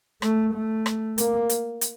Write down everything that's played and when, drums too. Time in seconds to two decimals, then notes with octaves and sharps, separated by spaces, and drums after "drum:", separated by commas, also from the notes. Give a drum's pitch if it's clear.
0.22 A3, drum: rim click
0.53 A3
0.86 drum: rim click
1.18 A#3, drum: hi-hat
1.49 drum: hi-hat
1.81 drum: hi-hat